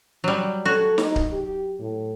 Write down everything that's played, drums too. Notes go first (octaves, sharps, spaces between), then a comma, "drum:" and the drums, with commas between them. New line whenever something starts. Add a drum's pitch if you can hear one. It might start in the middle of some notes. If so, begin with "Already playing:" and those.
F#3 G3
F#4 A4 C#5
D#4, drum: snare
drum: kick C#1
G4
A2